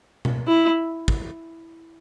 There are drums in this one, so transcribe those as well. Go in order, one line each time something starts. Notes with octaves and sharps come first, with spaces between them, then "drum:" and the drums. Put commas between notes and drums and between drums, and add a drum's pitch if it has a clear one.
drum: tom B2
E4
drum: kick